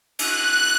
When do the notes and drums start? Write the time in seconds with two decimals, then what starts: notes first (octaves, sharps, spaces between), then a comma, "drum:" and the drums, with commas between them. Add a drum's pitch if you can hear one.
0.19 F#6, drum: cymbal